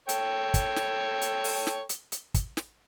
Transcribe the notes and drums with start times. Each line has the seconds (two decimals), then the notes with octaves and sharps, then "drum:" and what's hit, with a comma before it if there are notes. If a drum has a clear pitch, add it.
0.09 A4 C#5 G5, drum: hi-hat
0.54 drum: kick, hi-hat
0.76 drum: snare
1.22 drum: hi-hat
1.44 drum: open hi-hat
1.67 drum: snare
1.89 drum: hi-hat
2.12 drum: hi-hat
2.34 drum: kick, hi-hat
2.57 drum: snare